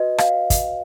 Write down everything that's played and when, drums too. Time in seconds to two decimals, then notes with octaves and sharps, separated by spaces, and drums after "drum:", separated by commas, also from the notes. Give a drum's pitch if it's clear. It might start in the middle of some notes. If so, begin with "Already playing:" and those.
Already playing: F#4 B4 D#5
0.18 F5, drum: rim click
0.50 drum: kick, hi-hat